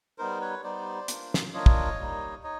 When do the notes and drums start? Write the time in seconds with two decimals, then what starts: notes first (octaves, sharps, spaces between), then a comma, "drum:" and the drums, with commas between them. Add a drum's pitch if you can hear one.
0.18 G3 B3 D#4 A#4 C5
0.41 B4 C#5
0.63 G3 B3 D#4 C5 D5
1.08 A#3 D4 F4, drum: hi-hat
1.34 drum: snare
1.54 A#3 D4 F4 C#5 D#5
1.66 drum: kick
1.99 G3 A#3 D#4
2.43 D#4 C#5 D#5